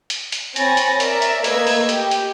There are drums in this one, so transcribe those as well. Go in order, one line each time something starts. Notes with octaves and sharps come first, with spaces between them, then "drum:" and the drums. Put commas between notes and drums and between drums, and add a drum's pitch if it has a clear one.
drum: hi-hat
drum: hi-hat
C4 C#5 G#5 B5 A6 A#6, drum: hi-hat
drum: hi-hat
A#4 D5 E5 A#5, drum: hi-hat
drum: hi-hat
A3 A#3 B4 D#5 E6 G#6, drum: hi-hat
drum: open hi-hat
G4, drum: hi-hat
drum: hi-hat